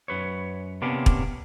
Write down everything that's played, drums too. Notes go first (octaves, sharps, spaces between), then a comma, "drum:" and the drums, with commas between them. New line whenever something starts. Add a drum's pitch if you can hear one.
F#2 B4 C#5
C3 A#3 B3 C#4 D4
drum: kick